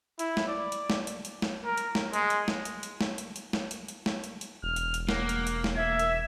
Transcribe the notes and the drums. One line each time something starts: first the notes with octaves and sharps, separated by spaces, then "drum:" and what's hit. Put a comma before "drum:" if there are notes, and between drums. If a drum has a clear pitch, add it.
E4, drum: hi-hat
drum: snare
D5
drum: hi-hat
drum: snare
drum: hi-hat
drum: hi-hat
drum: snare
A#4
drum: hi-hat
drum: snare
G#3, drum: hi-hat
drum: hi-hat
drum: snare
drum: hi-hat
drum: hi-hat
drum: snare
drum: hi-hat
drum: hi-hat
drum: snare
drum: hi-hat
drum: hi-hat
drum: snare
drum: hi-hat
drum: hi-hat
E1 F6
drum: hi-hat
drum: hi-hat
A#3 F#5, drum: snare
drum: hi-hat
drum: hi-hat
drum: snare
E5 G#6
drum: hi-hat